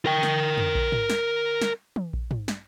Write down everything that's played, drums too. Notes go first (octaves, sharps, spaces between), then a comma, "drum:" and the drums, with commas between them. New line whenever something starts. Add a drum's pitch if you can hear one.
A#4 G5
drum: snare
drum: tom
drum: kick A#1
drum: tom
drum: snare
drum: snare
drum: tom
drum: kick A#1
drum: tom
drum: snare